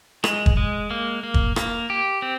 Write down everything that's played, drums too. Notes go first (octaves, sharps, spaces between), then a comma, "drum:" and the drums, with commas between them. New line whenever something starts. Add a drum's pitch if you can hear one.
G#3, drum: rim click
drum: kick
G#3
A#3
A#3
drum: kick
A#3, drum: rim click
G4
C4